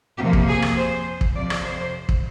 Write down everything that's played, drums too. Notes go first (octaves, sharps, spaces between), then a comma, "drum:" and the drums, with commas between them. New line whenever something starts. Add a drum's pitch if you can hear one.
F2 C3 F3 A#3 G4
drum: kick
G#4
drum: rim click
C5
drum: kick
F2 C3 F3 D5
drum: rim click
C5
drum: kick